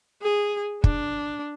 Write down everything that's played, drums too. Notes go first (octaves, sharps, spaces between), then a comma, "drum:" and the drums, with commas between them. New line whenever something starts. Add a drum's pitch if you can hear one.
G#4
D4, drum: kick